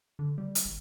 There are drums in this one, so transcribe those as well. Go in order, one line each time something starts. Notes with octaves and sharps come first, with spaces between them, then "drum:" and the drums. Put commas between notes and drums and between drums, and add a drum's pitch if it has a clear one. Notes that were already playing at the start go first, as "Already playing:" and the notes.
D3
G3
drum: hi-hat
G#1